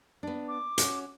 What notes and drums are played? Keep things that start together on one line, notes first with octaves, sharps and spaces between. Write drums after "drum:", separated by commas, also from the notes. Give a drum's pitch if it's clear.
B3 D4
D6
C#4 F#4, drum: hi-hat